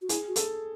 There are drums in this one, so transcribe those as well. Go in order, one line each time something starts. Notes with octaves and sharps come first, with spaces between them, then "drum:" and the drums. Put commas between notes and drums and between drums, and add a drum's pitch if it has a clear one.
F#4
E4 G#4, drum: hi-hat
F#4
G#4 A4, drum: hi-hat